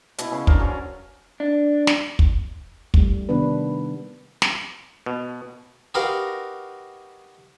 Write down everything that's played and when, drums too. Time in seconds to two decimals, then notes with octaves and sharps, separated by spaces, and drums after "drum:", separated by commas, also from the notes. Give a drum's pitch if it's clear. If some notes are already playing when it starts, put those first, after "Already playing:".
0.18 B2 E4, drum: hi-hat
0.31 C#3 B3 C#4 F5
0.47 D4 A#4 C5, drum: kick
0.59 F#3 C#4
1.40 D4
1.87 drum: snare
2.19 drum: kick
2.94 G3 A3, drum: kick
3.29 C3 D#3 B3 D4 B4
4.42 drum: snare
5.06 B2
5.94 D#4 F#4 G4 A#4 B4 F5